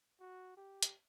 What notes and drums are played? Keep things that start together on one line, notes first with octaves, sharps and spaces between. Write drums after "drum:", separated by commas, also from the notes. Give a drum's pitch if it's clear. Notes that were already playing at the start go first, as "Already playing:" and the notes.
F#4
G4
drum: hi-hat